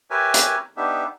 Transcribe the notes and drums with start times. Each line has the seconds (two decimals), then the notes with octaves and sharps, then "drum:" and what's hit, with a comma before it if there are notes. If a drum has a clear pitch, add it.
0.11 G4 A#4 B4 C#5 E5 G#5
0.34 drum: hi-hat
0.77 B3 D4 D#4 G4 E5